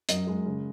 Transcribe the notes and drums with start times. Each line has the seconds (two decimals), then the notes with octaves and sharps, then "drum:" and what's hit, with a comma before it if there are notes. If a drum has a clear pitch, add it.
0.09 F#2 D#5, drum: hi-hat
0.27 G#3
0.46 C#3